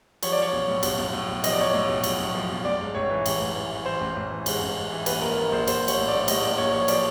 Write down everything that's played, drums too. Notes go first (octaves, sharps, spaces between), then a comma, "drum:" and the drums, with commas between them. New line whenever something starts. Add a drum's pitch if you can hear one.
F3 C#5, drum: cymbal
D5
F3 C#5
B1
A2
B1, drum: cymbal
B1
A2
B1
F3 D#5, drum: cymbal
D5
B1 C#5
A2 D5
B1
A2, drum: cymbal
B1
F3
B1
A1 D5
G#2
A1 C#5
E3
A1, drum: cymbal
A1
E3
E3
E3 C5
A1
A1
E3
G#2, drum: cymbal
A1
G#2
E3
A#1 B4, drum: cymbal
A#1 A#4
A#1
A#1 C5
A#1 C5, drum: cymbal
A#1
C#5, drum: cymbal
A2
D5
A#1
A2 D#5, drum: cymbal
A#1 D5
A#1 C#5
F3 C#5
F3 D5, drum: cymbal